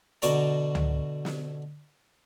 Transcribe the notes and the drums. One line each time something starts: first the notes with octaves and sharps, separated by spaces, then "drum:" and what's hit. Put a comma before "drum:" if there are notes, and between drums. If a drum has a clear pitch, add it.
B2 D3 F#4 D5 A#5, drum: hi-hat
drum: tom C#2
drum: snare